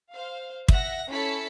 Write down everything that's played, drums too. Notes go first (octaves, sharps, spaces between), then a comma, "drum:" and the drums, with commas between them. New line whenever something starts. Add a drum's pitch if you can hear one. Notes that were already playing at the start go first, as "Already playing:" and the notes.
C5 F5
E5 F#5 A#6, drum: kick
C#4 E4 A4 B5 B6 C#7